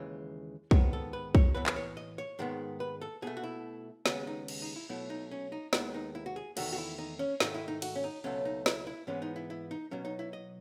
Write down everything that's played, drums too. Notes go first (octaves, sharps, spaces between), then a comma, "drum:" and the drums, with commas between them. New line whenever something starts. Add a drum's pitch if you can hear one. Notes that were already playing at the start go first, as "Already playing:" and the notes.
Already playing: D#2 C#3 E3 G#3
G#2 D#3 G#3 B3 C#5, drum: kick
A4
B4
C#5, drum: kick
A2 E3 B3 B4
B4, drum: clap
C#5
D#5
C#5
G#2 D#3 G#3 B3
B4
A4
B2 A3 G#4
F#4
E4
D#2 C#3 G#3 B3 C#4, drum: snare
D#4
drum: cymbal
D#4
E4
B2 F#3 A3 E4
D#4
C#4
D#4
D#2 D#3 G#3 B3 E4, drum: snare
D#4
E4
F#4
G#4
E2 D#3 A3 F#4, drum: cymbal
F#4
E4
D#4
C#4
G#2 D#3 A3 D#4, drum: snare
E4
D#4
F#4, drum: cymbal
C#4
D#4
C#2 B2 F#3 A3 C#4
D#4
E4, drum: snare
E4
G#2 E3 G#3 B3 C#4
D#4
E4
E4
D#4
B2 F#3 B3 C#4
D#4
E4
D#5